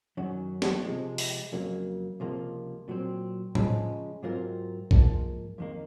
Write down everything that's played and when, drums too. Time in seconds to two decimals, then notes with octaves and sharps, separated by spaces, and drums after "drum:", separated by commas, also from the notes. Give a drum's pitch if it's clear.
0.17 F#2 D#3 F#3 C#4 F#4
0.62 drum: snare
0.85 C3 F3 G#3
1.18 drum: open hi-hat
1.52 F2 C#3 F#3 A#3
2.20 C#2 C3 F3 A#3
2.88 A#2 F#3 C4
3.55 C#3 F3 G#3 C#4, drum: tom A2
4.23 G#2 F#3 C4 F4 A#4
4.91 G#2 F3 A#3, drum: kick
5.58 F2 D#3 A#3